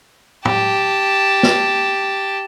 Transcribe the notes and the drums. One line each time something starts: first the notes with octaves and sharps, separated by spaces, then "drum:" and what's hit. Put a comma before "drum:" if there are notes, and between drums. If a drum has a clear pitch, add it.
G4 A5, drum: tom
drum: snare